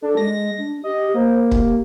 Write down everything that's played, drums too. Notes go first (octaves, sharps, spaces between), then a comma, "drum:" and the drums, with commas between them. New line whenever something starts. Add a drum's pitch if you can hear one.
D4 A4
G#3 A#6
D4
G4 D#5
A#3 C5
G4, drum: kick